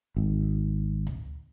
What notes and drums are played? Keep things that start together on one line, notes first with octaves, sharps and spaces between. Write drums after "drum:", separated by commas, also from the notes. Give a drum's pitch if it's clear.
G#1
drum: tom D2